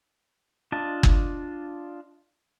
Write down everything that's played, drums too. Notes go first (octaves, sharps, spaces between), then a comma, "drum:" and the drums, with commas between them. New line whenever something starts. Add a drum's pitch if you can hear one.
D4 F4 D#5 A5
drum: kick